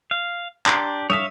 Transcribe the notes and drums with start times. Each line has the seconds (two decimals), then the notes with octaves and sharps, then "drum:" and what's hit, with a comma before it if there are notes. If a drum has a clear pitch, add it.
0.11 F5
0.66 D4 G4 A#5 C6, drum: clap
1.10 C#5 E5 F5 D#6 B6, drum: tom